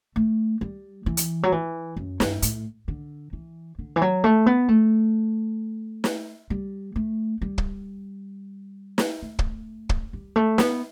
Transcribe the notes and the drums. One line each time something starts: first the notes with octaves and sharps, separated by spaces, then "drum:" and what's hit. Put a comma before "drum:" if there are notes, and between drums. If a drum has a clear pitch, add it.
A3
G3
E3
drum: hi-hat
F#3
E3
F#2
G2, drum: snare
A2, drum: hi-hat
D3
E3
D3
E3
F#3
A3
B3
A3
drum: snare
G3
A3
G3
drum: kick
drum: snare
A3
drum: kick
drum: kick
G3
A3
B3, drum: snare